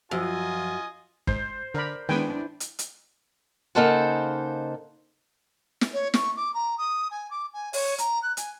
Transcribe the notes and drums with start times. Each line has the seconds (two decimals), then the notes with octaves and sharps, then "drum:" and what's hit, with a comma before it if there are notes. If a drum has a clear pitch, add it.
0.11 F#2 F3 F4 D#5 G#5
1.27 G#2 C5, drum: kick
1.74 D3 A#4 D5 B5
2.09 D#3 G#3 B3 D4 E4 B4 G5 G#5
2.60 drum: hi-hat
2.79 drum: hi-hat
3.75 C#3 A#3 D#4 A4 C5 F#5
5.81 drum: snare
5.93 C#5
6.14 C#6, drum: snare
6.36 D6
6.54 A#5
6.78 D#6
7.11 G#5
7.30 D6
7.53 G#5
7.73 C#5, drum: open hi-hat
7.98 A#5, drum: hi-hat
8.22 F#6
8.37 G#5, drum: hi-hat